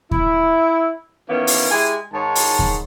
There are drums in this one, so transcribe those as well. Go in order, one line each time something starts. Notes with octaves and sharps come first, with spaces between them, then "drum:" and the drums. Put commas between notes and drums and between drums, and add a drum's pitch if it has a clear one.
E4, drum: kick D#2
D#3 E3 A#3 B3 C#4
drum: open hi-hat
G#3 E4 G4 G#5
G#2 D#3 G#3 C#5 A5
drum: open hi-hat
drum: kick D#2